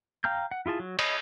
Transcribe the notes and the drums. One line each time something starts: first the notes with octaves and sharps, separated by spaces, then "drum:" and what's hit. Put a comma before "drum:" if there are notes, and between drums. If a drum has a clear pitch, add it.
F5 G5 A#5 F6 G6
F#5
E4 F4 G#4 A5
F#3
C#5 D#5 B5 D#6, drum: cymbal